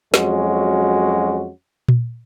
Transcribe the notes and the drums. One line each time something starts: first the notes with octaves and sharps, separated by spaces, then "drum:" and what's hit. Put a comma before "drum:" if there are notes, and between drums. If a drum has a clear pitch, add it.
F2 F#3 G#3 C#4 F#4, drum: snare
drum: tom A#2